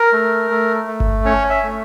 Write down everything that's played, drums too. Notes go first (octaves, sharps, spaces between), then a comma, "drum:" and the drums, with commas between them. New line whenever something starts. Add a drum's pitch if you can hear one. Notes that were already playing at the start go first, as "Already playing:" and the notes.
Already playing: A#4
A3
A3
A3
drum: kick G1
C#4 C#5
E5
A3